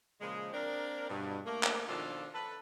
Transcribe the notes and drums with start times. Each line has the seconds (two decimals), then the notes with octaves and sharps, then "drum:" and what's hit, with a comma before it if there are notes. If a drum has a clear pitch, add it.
0.20 A#2 C#3 F3 G#3
0.53 A#3 C4 D4 A#4
1.10 G2 B2
1.45 A3 A#3
1.63 drum: clap
1.89 B2 D#3 F3 D4 F4 A4
2.34 A4 B4